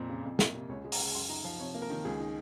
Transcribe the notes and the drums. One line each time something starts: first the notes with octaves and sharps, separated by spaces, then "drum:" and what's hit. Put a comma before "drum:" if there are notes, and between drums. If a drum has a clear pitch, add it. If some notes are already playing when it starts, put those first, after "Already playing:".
Already playing: F2 A#2 C4 A#5
C#3
F2
A#3, drum: snare
C3
C#2 C#5
G#3
A#5, drum: open hi-hat
C#3
F#2 C6
D#4 A#5
F3 F5
C3 C#5
A#3
A#4
D#3
C#2 G#4
D#4